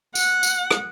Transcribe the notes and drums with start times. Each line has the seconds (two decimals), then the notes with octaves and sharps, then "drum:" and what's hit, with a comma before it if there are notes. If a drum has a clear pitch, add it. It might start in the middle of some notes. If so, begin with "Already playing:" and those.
0.15 F#5, drum: tambourine
0.43 drum: tambourine
0.71 drum: rim click